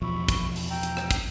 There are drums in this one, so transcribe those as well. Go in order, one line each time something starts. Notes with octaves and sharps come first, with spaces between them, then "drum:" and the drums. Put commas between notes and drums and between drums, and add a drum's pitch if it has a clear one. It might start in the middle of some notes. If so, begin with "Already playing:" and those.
E2 B2 F3 B5 C#6 E6
drum: kick, hi-hat
drum: open hi-hat
G5 A#5 E6
drum: hi-hat
drum: rim click
drum: kick, hi-hat